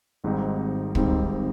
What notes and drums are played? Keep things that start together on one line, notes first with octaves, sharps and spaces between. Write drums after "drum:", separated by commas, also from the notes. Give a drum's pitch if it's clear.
G#1 G#2 G3 C4 D#4
G#1 G#2 G3 C4 D#4, drum: kick